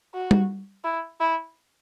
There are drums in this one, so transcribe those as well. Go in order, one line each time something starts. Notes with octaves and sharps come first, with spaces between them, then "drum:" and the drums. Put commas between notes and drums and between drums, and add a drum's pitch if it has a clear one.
F#4
drum: tom G3
E4
E4